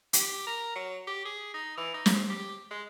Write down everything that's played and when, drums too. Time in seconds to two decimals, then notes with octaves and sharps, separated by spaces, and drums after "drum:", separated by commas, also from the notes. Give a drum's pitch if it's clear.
0.13 G4, drum: hi-hat
0.47 A#4
0.76 F#3
1.07 G4
1.25 G#4
1.54 D#4
1.77 E3
1.94 D#4
2.06 drum: snare
2.15 C4
2.30 G4
2.71 G#3